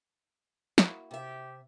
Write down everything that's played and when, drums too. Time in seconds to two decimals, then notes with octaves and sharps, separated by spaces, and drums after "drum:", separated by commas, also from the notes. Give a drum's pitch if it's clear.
0.78 A#3 E4 F#4, drum: snare
1.11 C3 G4 E5